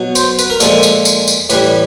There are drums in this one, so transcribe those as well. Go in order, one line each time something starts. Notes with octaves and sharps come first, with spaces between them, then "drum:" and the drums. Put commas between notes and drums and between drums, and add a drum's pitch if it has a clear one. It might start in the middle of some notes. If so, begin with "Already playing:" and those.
Already playing: B2 F#3
C5, drum: tambourine
B4, drum: tambourine
A#4
A#2 F3 G#3 A4, drum: tambourine
drum: tambourine
drum: tambourine
drum: tambourine
A2 E3 G3 B4, drum: tambourine